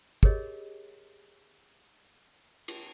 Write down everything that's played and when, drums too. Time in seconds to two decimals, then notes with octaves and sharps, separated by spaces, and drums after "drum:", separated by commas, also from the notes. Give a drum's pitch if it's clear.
0.23 G4 G#4 A#4 C#5 D#5, drum: kick
2.68 drum: cymbal